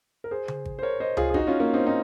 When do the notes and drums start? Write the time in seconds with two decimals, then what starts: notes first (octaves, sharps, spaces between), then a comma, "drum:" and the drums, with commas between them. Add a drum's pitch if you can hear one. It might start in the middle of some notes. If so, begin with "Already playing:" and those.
0.24 A#4
0.31 G#4 C5
0.48 drum: tom C#3
0.65 drum: kick G#1
0.79 C5
0.82 A#4 C#5
1.00 C5 D#5
1.17 F4 G#4, drum: tom C#2
1.30 G#4
1.34 D#4 F#4, drum: kick G#1
1.47 C#4 F4
1.60 A#3 C#4
1.74 C4 D#4
1.86 C4 D#4